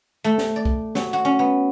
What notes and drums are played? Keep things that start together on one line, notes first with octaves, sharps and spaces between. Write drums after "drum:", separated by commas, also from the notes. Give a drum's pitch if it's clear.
A3
drum: snare
D5
drum: kick
F#3, drum: snare
F#4
C#4
B3